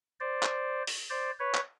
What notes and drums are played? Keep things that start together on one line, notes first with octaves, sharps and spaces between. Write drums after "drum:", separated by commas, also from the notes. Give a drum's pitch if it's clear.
C5 D5
drum: clap
drum: open hi-hat
C5 D5
B4 C#5
drum: clap